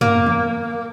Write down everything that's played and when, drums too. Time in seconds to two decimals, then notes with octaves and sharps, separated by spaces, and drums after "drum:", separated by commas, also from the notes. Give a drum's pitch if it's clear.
0.01 A#3, drum: tom
0.26 drum: tom